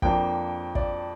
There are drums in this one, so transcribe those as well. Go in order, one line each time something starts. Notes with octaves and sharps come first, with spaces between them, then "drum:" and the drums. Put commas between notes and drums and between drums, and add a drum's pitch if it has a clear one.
F2 F3 A#3 D4 G5, drum: kick
D5, drum: kick